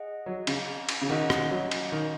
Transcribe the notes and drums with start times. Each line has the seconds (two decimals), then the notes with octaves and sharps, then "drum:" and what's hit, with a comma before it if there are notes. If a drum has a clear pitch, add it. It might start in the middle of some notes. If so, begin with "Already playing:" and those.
Already playing: G#4 D#5 F#5
0.26 F#3
0.47 C#3, drum: cymbal
0.89 drum: cymbal
1.01 C#3
1.09 D#3 C#4 F#4 D#5 F#5
1.30 drum: rim click
1.51 F#3
1.71 drum: cymbal
1.92 D#3